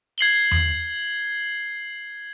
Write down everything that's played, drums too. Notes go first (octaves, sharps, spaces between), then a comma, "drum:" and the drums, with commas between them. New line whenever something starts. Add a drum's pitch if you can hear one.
G#6 C7 F#7 G7
drum: tom E2